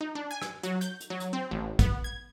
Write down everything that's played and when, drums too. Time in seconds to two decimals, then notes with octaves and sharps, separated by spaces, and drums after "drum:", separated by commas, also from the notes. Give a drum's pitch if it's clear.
0.01 D#4
0.15 D4
0.31 G#5
0.42 drum: rim click
0.63 F#3, drum: hi-hat
0.81 G6, drum: hi-hat
1.01 drum: hi-hat
1.10 F#3
1.20 drum: hi-hat
1.33 C4
1.51 A1
1.79 B3, drum: kick, hi-hat
2.04 G#6